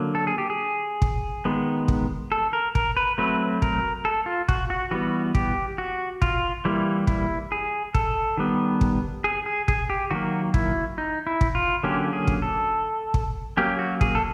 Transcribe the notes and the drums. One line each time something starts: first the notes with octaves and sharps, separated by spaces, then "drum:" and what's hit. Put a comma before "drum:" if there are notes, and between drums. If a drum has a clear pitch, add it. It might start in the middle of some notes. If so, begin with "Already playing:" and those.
Already playing: D3 F#3 A#3
A4
G#4
G4
G#4
drum: kick
D#3 G#3 B3
drum: kick
A4
A#4
A#4, drum: kick
B4
F#3 A3 C4 B4
A#4, drum: kick
A4
F4
F#4, drum: kick
F#4
E3 G3 B3 F#4
G4, drum: kick
F#4
F4, drum: kick
E3 G3 A#3 E4
E4, drum: kick
G#4
A4, drum: kick
D#3 G3 B3
drum: kick
G#4
G#4
G#4, drum: kick
G4
D#3 F#3 A#3 F#4
E4, drum: kick
D#4
E4
drum: kick
F4
D3 F#3 A#3 C#4 G4
G#4
drum: kick
A4
drum: kick
F#3 A#3 C#4 G4
F#4
G#4, drum: kick
A4